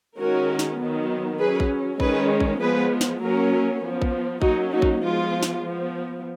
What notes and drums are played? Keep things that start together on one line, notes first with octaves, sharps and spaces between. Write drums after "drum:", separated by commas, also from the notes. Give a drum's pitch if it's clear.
D#3 G#3 C#4 F#4 A#4
drum: snare
D#3 F#3 B3
F#3 C#4 G#4 B4
drum: kick A#1
D#3 G#3 C#4 G#4 B4, drum: kick A#1
drum: kick A#1
F3 G#3 B3 G#4 B4
drum: snare
F#3 A#3 C#4 F#4 A#4
F3 B3
drum: kick A#1
F#3 A#3 C#4 D#4 F#4, drum: kick A#1
D#4 F#4
drum: kick A#1
F3 G#3 B3 F4
drum: snare
F3 B3